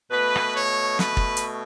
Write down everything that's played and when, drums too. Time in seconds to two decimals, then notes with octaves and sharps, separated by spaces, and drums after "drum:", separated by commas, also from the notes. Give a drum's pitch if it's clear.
0.11 B2 A3 B4
0.36 drum: rim click
0.55 C#5
0.99 B4, drum: snare
1.17 drum: kick
1.37 drum: hi-hat